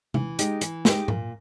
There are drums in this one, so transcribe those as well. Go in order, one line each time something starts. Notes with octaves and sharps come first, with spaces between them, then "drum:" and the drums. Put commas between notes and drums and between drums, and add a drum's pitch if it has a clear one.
E3, drum: tom C3
G#3 D#4 G4, drum: hi-hat
E3, drum: hi-hat
G#3 D#4 G4, drum: snare
A#2, drum: tom G#2